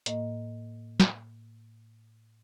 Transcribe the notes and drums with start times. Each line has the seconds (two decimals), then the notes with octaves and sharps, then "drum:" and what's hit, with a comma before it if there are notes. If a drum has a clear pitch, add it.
0.06 A2 A#3 D#5, drum: hi-hat
1.00 drum: snare